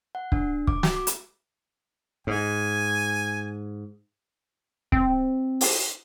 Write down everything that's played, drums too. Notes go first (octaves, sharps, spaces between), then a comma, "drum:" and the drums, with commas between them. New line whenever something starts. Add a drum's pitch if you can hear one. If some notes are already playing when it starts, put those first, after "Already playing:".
F#5
D4, drum: kick
D6, drum: kick
F#4, drum: snare
D6
drum: hi-hat
G#2 G#5
C4, drum: kick
drum: open hi-hat